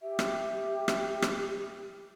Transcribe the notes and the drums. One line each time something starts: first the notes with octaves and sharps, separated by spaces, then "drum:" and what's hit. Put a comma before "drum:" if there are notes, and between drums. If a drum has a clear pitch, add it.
G4 E5
drum: rim click
drum: rim click
drum: rim click